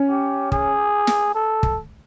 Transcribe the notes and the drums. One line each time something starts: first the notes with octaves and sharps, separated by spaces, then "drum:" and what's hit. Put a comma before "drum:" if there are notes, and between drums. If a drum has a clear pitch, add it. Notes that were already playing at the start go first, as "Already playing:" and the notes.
Already playing: C#4
G4
G#4, drum: kick
drum: snare
A4
drum: kick